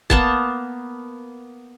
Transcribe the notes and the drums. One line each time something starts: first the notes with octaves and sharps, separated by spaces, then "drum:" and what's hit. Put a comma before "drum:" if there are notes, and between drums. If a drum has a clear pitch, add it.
A#3 B3 A5, drum: kick